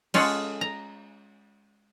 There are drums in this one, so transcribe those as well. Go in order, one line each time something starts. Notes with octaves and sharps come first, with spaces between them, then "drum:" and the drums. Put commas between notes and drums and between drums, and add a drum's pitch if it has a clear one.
G#3 C#4 F4 G#4 A4 F#5, drum: cymbal
A#5